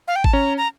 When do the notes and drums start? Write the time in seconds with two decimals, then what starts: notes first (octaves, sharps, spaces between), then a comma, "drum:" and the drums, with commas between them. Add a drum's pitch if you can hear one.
0.08 F5
0.16 G5
0.24 A5, drum: kick G#1
0.33 C#4 A#5
0.58 A#5